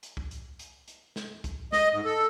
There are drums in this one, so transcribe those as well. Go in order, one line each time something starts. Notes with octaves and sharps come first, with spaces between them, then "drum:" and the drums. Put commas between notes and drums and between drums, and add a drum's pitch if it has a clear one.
drum: hi-hat
drum: kick
drum: hi-hat
drum: hi-hat
drum: hi-hat
drum: snare
drum: kick, hi-hat
D#5, drum: snare
G#2
A4